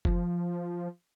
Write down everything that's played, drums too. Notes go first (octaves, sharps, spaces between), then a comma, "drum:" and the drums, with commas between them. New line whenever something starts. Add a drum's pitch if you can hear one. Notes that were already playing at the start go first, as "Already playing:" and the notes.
F3, drum: kick F#1